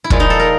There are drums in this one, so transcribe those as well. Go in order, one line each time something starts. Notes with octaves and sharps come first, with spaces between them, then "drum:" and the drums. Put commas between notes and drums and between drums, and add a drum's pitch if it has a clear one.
E4
A#2 F3 G#3 F4, drum: kick
D#4
A4
A#4